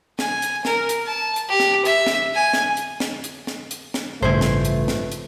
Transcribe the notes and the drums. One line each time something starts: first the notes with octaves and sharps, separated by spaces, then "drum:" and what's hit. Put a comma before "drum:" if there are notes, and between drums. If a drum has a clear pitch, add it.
G#5, drum: snare
drum: hi-hat
A#4, drum: snare
drum: hi-hat
A5
drum: hi-hat
G4
drum: snare
E5, drum: hi-hat
drum: snare
G#5
drum: snare
drum: hi-hat
drum: snare
drum: hi-hat
drum: snare
drum: hi-hat
drum: snare
A1 G2 C#3 F3 A3 E4 B4 C5
drum: snare
drum: hi-hat
drum: snare
drum: hi-hat